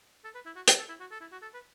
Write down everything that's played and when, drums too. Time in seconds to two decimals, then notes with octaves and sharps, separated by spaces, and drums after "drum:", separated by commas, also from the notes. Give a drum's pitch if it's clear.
0.24 A4
0.35 B4
0.46 E4
0.56 F#4
0.68 E4, drum: hi-hat
0.78 A4
0.89 E4
1.00 F#4
1.11 A4
1.21 E4
1.32 F#4
1.42 A4
1.54 B4